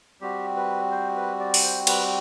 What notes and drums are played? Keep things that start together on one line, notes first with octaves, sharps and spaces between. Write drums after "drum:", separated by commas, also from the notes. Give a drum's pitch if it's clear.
G3 C4 F#4 G4
B4
C5
B4
D5
drum: open hi-hat
C5
B4, drum: cymbal